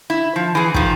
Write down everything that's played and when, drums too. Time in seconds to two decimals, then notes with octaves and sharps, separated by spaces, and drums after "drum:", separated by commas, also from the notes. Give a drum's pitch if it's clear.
0.10 E4
0.36 F3
0.55 E3 G#4
0.74 D#3 F3, drum: kick